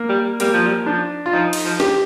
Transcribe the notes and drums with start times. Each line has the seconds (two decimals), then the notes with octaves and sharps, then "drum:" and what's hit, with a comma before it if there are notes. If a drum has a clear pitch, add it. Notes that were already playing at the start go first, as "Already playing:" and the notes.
Already playing: A#3
0.09 G3
0.40 G3 A#3, drum: hi-hat
0.53 F3
0.67 G3
0.86 F3 D4
1.26 F4
1.33 F3 D#4
1.53 drum: cymbal
1.65 F3
1.80 G4, drum: snare